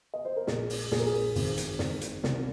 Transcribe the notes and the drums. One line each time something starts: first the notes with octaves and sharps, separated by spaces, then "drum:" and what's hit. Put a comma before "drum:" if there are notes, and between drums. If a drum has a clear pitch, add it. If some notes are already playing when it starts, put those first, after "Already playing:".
D#5
C5
A#4
A#1 G#4, drum: snare
drum: open hi-hat
A#1 G#4, drum: snare
A#4
G#4
G#1, drum: open hi-hat
drum: hi-hat
G#1, drum: snare
drum: hi-hat
C2, drum: snare